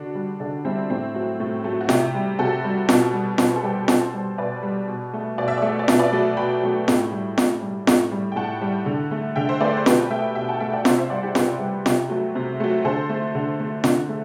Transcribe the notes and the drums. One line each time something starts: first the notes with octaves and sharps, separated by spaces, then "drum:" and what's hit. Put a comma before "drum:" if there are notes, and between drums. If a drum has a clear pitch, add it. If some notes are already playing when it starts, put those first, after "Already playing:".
Already playing: D3 D4 F#4
G3
D3 D4
G3 C4 E4
A2 C4 E4
F#3 A3
A2
F#3 A3
F#4
C3 E4 G4, drum: snare F4
G3
C3 F#4 A4
G3
B2, drum: snare F4
G3
B2 C5, drum: snare F4
B4
A4
G3 G4 B4
B2 A4 C5, drum: snare F4
G3
B2 B4 D5
G3
B2
A3
B2 D5
E5
A3 D5
E5
D5
B2 E5, drum: snare F4
B4 D5
F#3 A3
B2 G5 B5
F#3 A3
A2, drum: snare F4
G3
A2, drum: snare F4
G3
A2, drum: snare F4
G3
G5
A2 F#5 A5
G3
D3
A3
D3 E5 G5
C5 E5
A3 B4 D5
C5
B2 G4 B4, drum: snare F4
A3 E5 G5
B2 E5 G5
F#5 A5
A3 E5 G5
D5 F#5
C3 C5 E5, drum: snare F4
C5 E5
G3 D5 F#5
E4 G4
C3 G4 B4, drum: snare F4
G3
C3, drum: snare F4
F#3 A3
C3
F#3 A3
D3 A4 C5
A3
D3
A3
D3, drum: snare F4
A3